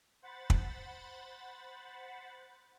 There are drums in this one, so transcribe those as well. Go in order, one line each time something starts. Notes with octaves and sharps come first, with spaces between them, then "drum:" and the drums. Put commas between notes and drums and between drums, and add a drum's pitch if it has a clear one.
C5 F#5 B5 A6
drum: kick